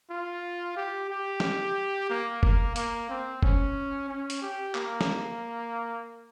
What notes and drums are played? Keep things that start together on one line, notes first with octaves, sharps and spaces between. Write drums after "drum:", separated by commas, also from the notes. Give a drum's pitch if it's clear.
F4
G4
G4
drum: snare
A#3
A#3, drum: kick F#1
A#3, drum: hi-hat
C4
C#4, drum: kick F#1
C#4
drum: hi-hat
G4
A#3, drum: clap
drum: snare